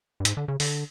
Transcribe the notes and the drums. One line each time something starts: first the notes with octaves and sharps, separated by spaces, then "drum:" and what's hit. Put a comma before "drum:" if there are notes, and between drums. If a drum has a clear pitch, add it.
G2
G#2, drum: hi-hat
D3
C#3
D3, drum: open hi-hat